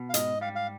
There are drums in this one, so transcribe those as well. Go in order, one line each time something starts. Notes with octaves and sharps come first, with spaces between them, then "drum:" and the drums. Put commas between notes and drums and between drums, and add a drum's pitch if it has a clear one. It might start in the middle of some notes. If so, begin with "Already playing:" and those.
Already playing: B2
F5
G#2 D#5, drum: hi-hat
G3 F5
F5